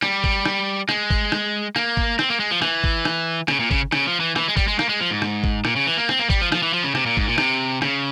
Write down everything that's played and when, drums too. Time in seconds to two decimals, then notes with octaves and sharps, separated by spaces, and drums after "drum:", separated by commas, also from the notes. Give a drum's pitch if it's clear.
0.02 G3, drum: rim click
0.24 drum: kick
0.45 drum: rim click
0.89 G#3, drum: rim click
1.10 drum: kick
1.32 drum: rim click
1.76 A#3, drum: rim click
1.97 drum: kick
2.19 C4, drum: rim click
2.30 A#3
2.40 G#3
2.51 F3
2.62 E3, drum: rim click
2.84 drum: kick
3.05 drum: rim click
3.48 C#3, drum: rim click
3.60 A#2
3.71 C#3, drum: kick
3.92 C#3, drum: rim click
4.07 F3
4.20 E3
4.36 E3, drum: rim click
4.48 G#3
4.57 G3, drum: kick
4.68 G#3
4.79 A#3, drum: rim click
4.89 G#3
5.00 F3
5.10 G#2
5.22 drum: rim click
5.44 drum: kick
5.65 A#2, drum: rim click
5.76 C#3
5.87 E3
5.97 A#3
6.09 C4, drum: rim click
6.19 A#3
6.30 G3, drum: kick
6.41 F3
6.52 F3, drum: rim click
6.63 E3
6.74 F3
6.84 C#3
6.95 C3, drum: rim click
7.06 A#2
7.17 G#2, drum: kick
7.28 A#2
7.38 C3, drum: rim click
7.82 C#3, drum: rim click